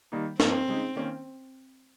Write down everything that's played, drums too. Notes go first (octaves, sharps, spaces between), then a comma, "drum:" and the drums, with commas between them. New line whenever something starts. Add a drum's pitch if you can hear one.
D#3 G3 A#3 D#4
G2 F3 A#3 C4 D#4, drum: snare
C#3 G#3 D#4
D#3 A#3 C#4